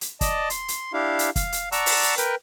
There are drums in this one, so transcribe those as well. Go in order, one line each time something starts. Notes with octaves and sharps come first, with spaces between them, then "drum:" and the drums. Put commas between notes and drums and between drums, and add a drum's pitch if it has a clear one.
drum: hi-hat
D5 D#5 A5, drum: kick, hi-hat
C6, drum: hi-hat
drum: hi-hat
D4 E4 G4 F5
drum: hi-hat
F5, drum: kick, hi-hat
drum: hi-hat
D5 F#5 A5 A#5 C#6 E6, drum: hi-hat
drum: open hi-hat
drum: hi-hat
A#4 B4 G5, drum: hi-hat